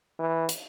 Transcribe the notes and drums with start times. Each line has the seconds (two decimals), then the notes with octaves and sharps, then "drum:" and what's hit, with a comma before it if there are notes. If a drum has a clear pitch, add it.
0.19 E3
0.49 drum: hi-hat